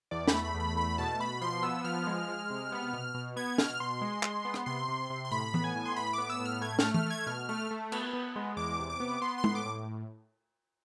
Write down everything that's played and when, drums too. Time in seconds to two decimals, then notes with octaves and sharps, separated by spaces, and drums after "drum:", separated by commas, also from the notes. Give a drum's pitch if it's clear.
0.11 E2 D5
0.27 B5, drum: snare
0.33 A3
0.44 B5
0.55 E2
0.60 B5
0.76 A3 B5
0.98 B2 A5
1.19 B2 B5
1.41 F3 C6
1.63 B3 E6
1.84 F3 F6
2.07 G#3
2.28 G#3
2.50 C3
2.72 B3
2.93 B2
3.14 B2
3.36 B3 G#6
3.58 B2 F6, drum: snare
3.80 B2 C6
4.02 G#3
4.23 G#3, drum: clap
4.45 B3
4.54 drum: rim click
4.66 C3 C6
4.88 C3
5.10 C3
5.25 C6
5.31 A2 B5
5.54 B3, drum: tom E3
5.64 G#5
5.76 A2
5.86 C6
5.96 A2 B5
6.13 B3 D6
6.30 E6
6.40 A2
6.46 F6
6.61 A3 G#6
6.79 A3 F6, drum: snare
6.94 F6, drum: tom E3
7.06 A3 G#6
7.27 B2 F6
7.49 A3 F6
7.71 A3
7.92 B3, drum: cymbal
8.13 B3
8.36 G#3
8.57 E2 D6
8.79 C3
8.90 D6
9.00 B3
9.22 B3 C6
9.38 C6
9.44 A2, drum: tom G#3
9.55 D6
9.66 A2